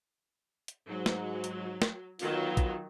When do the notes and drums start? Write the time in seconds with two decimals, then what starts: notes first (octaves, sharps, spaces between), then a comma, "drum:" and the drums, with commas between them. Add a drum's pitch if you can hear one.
0.68 drum: hi-hat
0.88 G#2 F#3
1.06 drum: snare
1.44 drum: hi-hat
1.82 drum: snare
2.19 D3 D#3 F#3 B3 F4, drum: open hi-hat
2.57 drum: kick, hi-hat